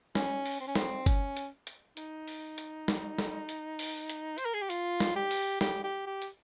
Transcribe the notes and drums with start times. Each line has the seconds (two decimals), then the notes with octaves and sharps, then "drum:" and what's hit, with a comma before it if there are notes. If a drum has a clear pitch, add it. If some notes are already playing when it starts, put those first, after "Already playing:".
0.15 C#4, drum: snare
0.46 drum: open hi-hat
0.60 C4
0.68 C#4
0.75 C4, drum: snare
1.06 C#4, drum: kick G1, hi-hat
1.37 drum: hi-hat
1.67 drum: hi-hat
1.97 D#4, drum: hi-hat
2.28 drum: open hi-hat
2.58 drum: hi-hat
2.88 drum: snare
3.18 drum: snare
3.49 drum: hi-hat
3.79 drum: open hi-hat
4.09 drum: hi-hat
4.38 C5, drum: hi-hat
4.45 A#4
4.54 G#4
4.62 G4
4.70 F4, drum: hi-hat
5.00 drum: snare
5.16 G4
5.31 drum: open hi-hat
5.61 G4, drum: snare
5.84 G4
6.06 G4
6.22 drum: hi-hat